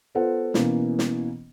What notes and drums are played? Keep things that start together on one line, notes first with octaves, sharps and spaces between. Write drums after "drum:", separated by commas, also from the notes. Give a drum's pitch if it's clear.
B3 F4 A4 C5 F#5
B2 E3 A#3 C#4, drum: snare
drum: snare